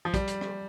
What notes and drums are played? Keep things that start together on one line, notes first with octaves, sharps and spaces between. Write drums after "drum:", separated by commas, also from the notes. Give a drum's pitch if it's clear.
F3
G3, drum: kick, hi-hat
drum: hi-hat
drum: rim click